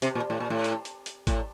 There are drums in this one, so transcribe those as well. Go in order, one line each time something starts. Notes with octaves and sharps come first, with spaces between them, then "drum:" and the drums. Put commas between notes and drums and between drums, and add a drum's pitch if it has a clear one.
C3, drum: hi-hat
A#2
A2
A#2
A2
drum: hi-hat
drum: hi-hat
drum: hi-hat
A2, drum: kick G#1, hi-hat